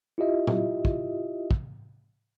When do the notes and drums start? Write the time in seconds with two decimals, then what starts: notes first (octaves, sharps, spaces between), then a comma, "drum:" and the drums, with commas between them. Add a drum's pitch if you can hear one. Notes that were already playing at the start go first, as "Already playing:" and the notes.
0.18 E4 F4 G4 D#5 E5
0.47 drum: tom
0.85 drum: kick
1.51 drum: kick